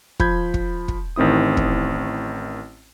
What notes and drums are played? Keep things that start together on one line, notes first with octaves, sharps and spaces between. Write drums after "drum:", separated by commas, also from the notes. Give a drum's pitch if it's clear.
F3 B5 G6 G#6, drum: kick
drum: kick
drum: kick
A1 D#3 C4 E4 D#6
drum: kick